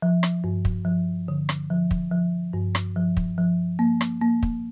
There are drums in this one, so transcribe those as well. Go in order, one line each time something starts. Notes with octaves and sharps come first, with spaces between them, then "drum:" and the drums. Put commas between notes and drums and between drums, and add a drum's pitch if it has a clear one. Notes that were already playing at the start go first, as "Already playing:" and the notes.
F3
drum: rim click
G2
drum: kick
F3
D3
drum: rim click
F3
drum: kick
F3
G2
drum: rim click
F3
drum: kick
F3
A#3
drum: rim click
A#3
drum: kick